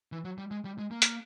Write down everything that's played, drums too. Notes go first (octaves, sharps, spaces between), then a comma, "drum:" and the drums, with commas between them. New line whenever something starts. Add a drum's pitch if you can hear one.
E3
F#3
G3
G#3
G3
G#3
A#3
drum: hi-hat